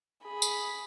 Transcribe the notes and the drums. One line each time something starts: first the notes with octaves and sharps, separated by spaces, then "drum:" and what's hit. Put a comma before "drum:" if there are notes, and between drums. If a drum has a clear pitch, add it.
G#4 B5
drum: tambourine